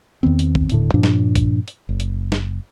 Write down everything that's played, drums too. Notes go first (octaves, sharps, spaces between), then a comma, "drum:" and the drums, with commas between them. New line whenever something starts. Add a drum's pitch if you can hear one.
E2 D#3 B3 C4
drum: hi-hat
drum: kick A#1
D#1 A2 D3, drum: hi-hat
G2 A#2 F3 D4
drum: snare
drum: kick A#1, hi-hat
drum: hi-hat
F#1
drum: hi-hat
drum: snare